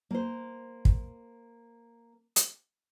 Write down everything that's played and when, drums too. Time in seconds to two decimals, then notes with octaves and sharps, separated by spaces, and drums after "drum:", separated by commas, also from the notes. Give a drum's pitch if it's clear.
0.11 A#3 C5
0.85 drum: kick
2.36 drum: hi-hat